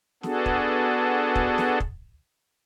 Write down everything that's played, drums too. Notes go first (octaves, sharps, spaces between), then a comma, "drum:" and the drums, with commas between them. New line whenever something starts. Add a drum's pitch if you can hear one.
B3 D4 F#4 G#4 A4, drum: snare
drum: kick
drum: kick
drum: snare
drum: kick